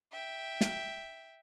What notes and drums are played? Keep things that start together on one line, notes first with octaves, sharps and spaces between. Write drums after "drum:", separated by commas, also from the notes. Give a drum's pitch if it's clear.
E5 G5
drum: snare